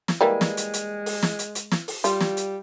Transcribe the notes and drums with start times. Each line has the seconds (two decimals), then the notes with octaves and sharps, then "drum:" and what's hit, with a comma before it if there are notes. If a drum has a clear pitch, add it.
0.08 drum: snare
0.21 E3 G3 G#3 A#3
0.41 drum: snare
0.57 drum: hi-hat
0.74 drum: hi-hat
1.06 drum: open hi-hat
1.23 drum: snare
1.39 drum: hi-hat
1.55 drum: hi-hat
1.71 drum: snare
1.88 drum: open hi-hat
2.04 G3 F4, drum: hi-hat
2.20 drum: snare
2.37 drum: hi-hat